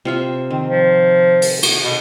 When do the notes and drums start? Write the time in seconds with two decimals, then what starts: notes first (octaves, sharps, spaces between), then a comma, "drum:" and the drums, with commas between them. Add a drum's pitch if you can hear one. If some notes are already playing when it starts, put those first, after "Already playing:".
0.05 C3 F4 E5
0.51 D#3 C4
0.67 F3
1.42 drum: open hi-hat
1.63 F#4, drum: cymbal
1.84 B2